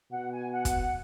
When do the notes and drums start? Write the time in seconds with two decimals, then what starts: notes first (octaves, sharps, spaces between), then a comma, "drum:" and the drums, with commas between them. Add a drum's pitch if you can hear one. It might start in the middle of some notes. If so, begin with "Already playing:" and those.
0.11 B2 F#5
0.32 G#5
0.51 F#5
0.65 drum: kick, hi-hat